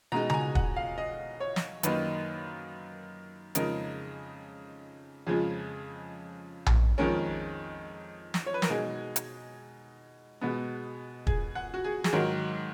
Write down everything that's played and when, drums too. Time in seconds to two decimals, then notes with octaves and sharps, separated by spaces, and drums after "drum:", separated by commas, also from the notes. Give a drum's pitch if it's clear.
0.12 B2 G#3 D#4 A#5
0.30 A#5, drum: tom C#3
0.34 G#5
0.55 F#5, drum: kick
0.76 F5
0.98 D#5
1.40 C#5
1.56 drum: snare
1.83 F#2 D#3 A#3 D#4 B4, drum: hi-hat
3.55 F2 C#3 G#3 D#4 A#4, drum: hi-hat
5.27 F2 C#3 F3 G#3 G#4
6.66 drum: tom A#1
6.98 F2 D#3 G#3 C#4 A#4
8.34 drum: snare
8.46 C#5
8.54 B4
8.62 A#4, drum: snare
8.70 B2 G#3 D#4 G#4
9.16 drum: hi-hat
10.41 B2 G#3 B3
11.27 G#4, drum: kick
11.55 F#5
11.74 F#4
11.84 G#4
12.04 G#4, drum: snare
12.13 G#2 D#3 F#3 A#4